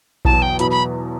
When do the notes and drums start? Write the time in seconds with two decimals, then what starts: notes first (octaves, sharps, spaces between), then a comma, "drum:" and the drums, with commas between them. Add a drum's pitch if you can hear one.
0.25 E2 B2 F#3 A5, drum: kick A#1
0.42 G5
0.59 E2 B2 F#3 B5, drum: hi-hat
0.71 B5